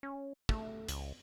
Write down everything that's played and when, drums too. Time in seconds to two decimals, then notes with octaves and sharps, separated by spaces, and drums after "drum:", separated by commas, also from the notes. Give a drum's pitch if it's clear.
0.03 C#4
0.49 A3, drum: kick
0.89 C#2, drum: hi-hat